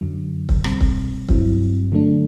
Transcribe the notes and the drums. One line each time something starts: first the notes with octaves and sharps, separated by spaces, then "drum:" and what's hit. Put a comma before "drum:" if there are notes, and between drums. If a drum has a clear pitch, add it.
F#2 D3 F#3
drum: kick C#1
B2 G3 C4, drum: rim click
drum: kick C#1
G2 F#3 C4 E4, drum: kick C#1
D3 F#3 A3 D4